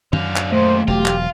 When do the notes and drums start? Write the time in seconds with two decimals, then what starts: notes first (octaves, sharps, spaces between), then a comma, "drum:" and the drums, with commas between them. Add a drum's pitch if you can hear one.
0.13 F#2 D3 F5, drum: tom
0.36 drum: clap
0.52 D#2 A#2 A3 C5
0.88 E1 F#3 F4 G4
1.06 drum: clap